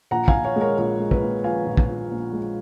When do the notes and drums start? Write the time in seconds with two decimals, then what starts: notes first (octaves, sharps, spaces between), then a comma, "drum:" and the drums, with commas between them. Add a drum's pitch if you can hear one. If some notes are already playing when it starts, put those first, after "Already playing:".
0.11 A#1 F#5 A#5
0.28 F5 G#5, drum: kick
0.33 A#1
0.45 C#5 F5
0.56 G#3
0.61 A#4 C#5
0.78 A#1 A#4
1.00 G#3
1.11 B4, drum: kick
1.22 A#2
1.44 F3 F5 G#5
1.66 A#1
1.77 drum: kick
1.89 A#2
2.11 A#1
2.33 G#3